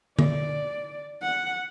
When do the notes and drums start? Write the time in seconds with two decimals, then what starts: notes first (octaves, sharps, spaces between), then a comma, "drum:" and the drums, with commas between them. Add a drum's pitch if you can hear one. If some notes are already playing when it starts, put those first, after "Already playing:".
0.19 D5, drum: tom D3
1.22 F#5